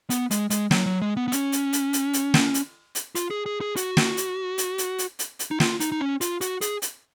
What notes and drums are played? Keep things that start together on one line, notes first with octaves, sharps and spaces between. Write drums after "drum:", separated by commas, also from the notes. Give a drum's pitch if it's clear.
B3, drum: hi-hat
G#3, drum: hi-hat
G#3, drum: hi-hat
F#3, drum: snare
F#3
G#3
B3
B3
C#4, drum: hi-hat
drum: hi-hat
drum: hi-hat
drum: hi-hat
drum: hi-hat
drum: snare
drum: hi-hat
drum: hi-hat
F4, drum: hi-hat
G#4
G#4
G#4
F#4, drum: hi-hat
drum: snare
drum: hi-hat
drum: hi-hat
drum: hi-hat
drum: hi-hat
drum: hi-hat
drum: hi-hat
D#4
F4, drum: snare
D#4, drum: hi-hat
D#4
C#4
F4, drum: hi-hat
F#4, drum: hi-hat
G#4, drum: hi-hat
drum: hi-hat